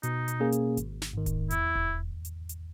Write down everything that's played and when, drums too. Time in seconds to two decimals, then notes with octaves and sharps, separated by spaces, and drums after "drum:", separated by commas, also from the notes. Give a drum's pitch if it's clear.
0.03 B2 D#4, drum: hi-hat
0.28 drum: hi-hat
0.40 A#3 C#4 G#4
0.52 drum: hi-hat
0.77 G#1, drum: hi-hat
1.02 drum: snare
1.13 G#2 D#3
1.26 drum: kick D#1, hi-hat
1.50 E2 E4, drum: hi-hat
1.75 drum: kick D#1
2.25 drum: hi-hat
2.49 drum: hi-hat